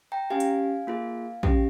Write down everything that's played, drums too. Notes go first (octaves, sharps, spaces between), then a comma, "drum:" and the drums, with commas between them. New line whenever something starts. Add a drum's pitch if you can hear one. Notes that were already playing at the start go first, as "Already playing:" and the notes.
G5 A#5
C#4 G4 F5 G#5
drum: hi-hat
A#3 F4 G#4
C#4 G4, drum: kick